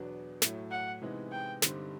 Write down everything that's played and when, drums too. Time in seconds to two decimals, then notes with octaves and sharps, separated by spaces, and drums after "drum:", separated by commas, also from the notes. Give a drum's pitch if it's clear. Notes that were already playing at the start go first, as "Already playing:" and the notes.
Already playing: E2 B2 F#3 B3 D4
0.42 A2 F#3 A3, drum: snare
0.71 F#5
1.02 C3 E3 G#3 B3 D#4
1.32 G5
1.62 G2 D3 G3 C4 D#4, drum: snare